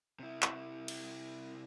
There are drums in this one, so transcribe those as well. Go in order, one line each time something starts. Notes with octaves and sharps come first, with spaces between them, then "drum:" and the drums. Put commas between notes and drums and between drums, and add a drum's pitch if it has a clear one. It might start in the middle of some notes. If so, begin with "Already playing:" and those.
C3 E4
drum: clap
drum: cymbal